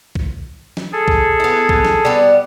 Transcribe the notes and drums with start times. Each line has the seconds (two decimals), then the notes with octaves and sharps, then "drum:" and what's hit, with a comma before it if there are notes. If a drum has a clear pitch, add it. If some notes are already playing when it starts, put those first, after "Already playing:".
0.15 drum: kick B1
0.77 drum: snare
0.92 G#4 A4
1.08 drum: kick B1
1.40 B3 E4
1.69 drum: kick B1
1.85 drum: snare
2.05 G3 B3